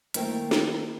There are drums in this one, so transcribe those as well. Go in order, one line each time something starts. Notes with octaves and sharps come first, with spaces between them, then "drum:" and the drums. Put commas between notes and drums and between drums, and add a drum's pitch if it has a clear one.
D#3 A3 A#3 E4 C5 G5, drum: hi-hat
drum: snare